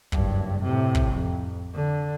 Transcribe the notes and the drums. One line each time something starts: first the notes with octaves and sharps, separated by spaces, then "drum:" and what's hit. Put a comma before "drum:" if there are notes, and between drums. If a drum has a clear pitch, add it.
F#1 G2, drum: kick
A2 C3
drum: kick
F2
D3